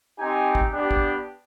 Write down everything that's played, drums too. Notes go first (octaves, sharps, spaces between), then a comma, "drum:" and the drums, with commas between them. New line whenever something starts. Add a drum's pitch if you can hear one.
C4 D#4 G4 G#5
drum: kick
B3 D4 G4
drum: kick